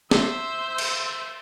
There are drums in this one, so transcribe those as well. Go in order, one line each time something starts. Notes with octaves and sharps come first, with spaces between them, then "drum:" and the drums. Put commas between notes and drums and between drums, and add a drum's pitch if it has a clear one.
C5 E5, drum: snare
drum: cymbal